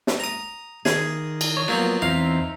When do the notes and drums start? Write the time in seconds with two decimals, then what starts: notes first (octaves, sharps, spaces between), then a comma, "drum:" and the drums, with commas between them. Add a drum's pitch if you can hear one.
0.07 drum: snare
0.20 A#5 D#6
0.85 D#3 G#4, drum: snare
1.41 drum: cymbal
1.57 C#5
1.68 F3 F#3 A#3 B3
2.02 E2 C4 D#4 E5 F5